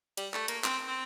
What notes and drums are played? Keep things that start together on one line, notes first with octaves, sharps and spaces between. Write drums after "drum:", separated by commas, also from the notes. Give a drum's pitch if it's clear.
G3, drum: hi-hat
A3, drum: clap
A#3, drum: hi-hat
C4, drum: clap
C4